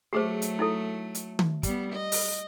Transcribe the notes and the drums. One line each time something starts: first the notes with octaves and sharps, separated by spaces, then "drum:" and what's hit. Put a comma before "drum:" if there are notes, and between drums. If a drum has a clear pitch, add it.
F#3 A3 G4 G#4 C5
drum: hi-hat
D#4 E4 A4
drum: hi-hat
drum: tom D#3
G3 B3, drum: kick, hi-hat
D#5
drum: open hi-hat